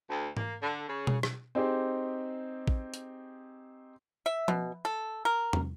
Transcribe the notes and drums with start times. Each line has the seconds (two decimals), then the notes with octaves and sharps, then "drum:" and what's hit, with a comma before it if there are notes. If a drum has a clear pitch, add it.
0.09 D2
0.37 A#3, drum: tom G#2
0.61 D3
0.88 C#3
1.07 drum: tom B2
1.23 drum: rim click
1.55 C4 D#4 G4 G#4 C5
2.68 drum: kick A1
2.94 drum: hi-hat
4.26 E5
4.48 B2, drum: tom F3
4.85 A4
5.25 A#4
5.53 drum: tom E2